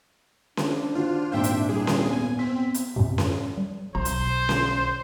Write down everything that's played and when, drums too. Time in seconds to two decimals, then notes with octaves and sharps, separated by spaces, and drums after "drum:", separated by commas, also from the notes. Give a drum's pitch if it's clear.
0.57 D4 C5, drum: snare C#4
0.95 D#3 F4 F#4
1.32 D#1 G#1 D#4 C5 E5 F5 G5
1.44 drum: hi-hat
1.69 G3 E4 G#4
1.87 drum: snare C#4
2.06 B3 G#5
2.39 C4 B6
2.74 drum: hi-hat
2.96 F#2 A2 C3
3.18 drum: snare C#4
3.57 G3
3.95 B1 C5 A#5
4.05 drum: hi-hat
4.49 drum: snare C#4